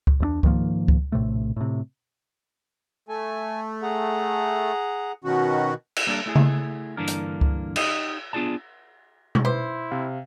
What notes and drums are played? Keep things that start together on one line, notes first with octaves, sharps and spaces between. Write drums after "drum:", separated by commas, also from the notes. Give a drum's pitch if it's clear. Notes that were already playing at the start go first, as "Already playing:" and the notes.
drum: kick C#2
E2 A3 D4
G#2 D#3 F3 A#3, drum: kick C#2
drum: kick C#2
A#1 A2 C3 A3
A2 C3
A3 G#5
G#4 F#5 A#5
B2 D#3 C#4 F#4
drum: cymbal
G3 A#3 D4 G4 A4 A#4
A3 E4 G#4
drum: tom C#3
G2 D3 E3 A#3 D4 A#4
drum: hi-hat
drum: kick C#2
D#4 G4 D#5, drum: cymbal
B3 D4 F4 G#4 D5 A5
drum: tom B2
E4 B4 C5 D6
C3 F5